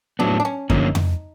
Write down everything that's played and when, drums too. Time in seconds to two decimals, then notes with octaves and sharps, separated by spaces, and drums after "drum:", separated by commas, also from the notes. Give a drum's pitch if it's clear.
0.19 A2 F#3 B3 D4
0.40 D4
0.45 C#4
0.70 D3 F3 A#3 C#4 D#4, drum: kick F#2
0.95 drum: tom F2